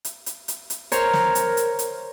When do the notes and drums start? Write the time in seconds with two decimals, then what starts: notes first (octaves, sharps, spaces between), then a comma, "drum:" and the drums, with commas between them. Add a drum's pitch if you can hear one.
0.05 drum: hi-hat
0.26 drum: hi-hat
0.48 drum: hi-hat
0.70 drum: hi-hat
0.92 A#4 C5 C#5 A#5, drum: hi-hat
1.13 drum: snare
1.35 drum: hi-hat
1.57 drum: hi-hat
1.79 drum: hi-hat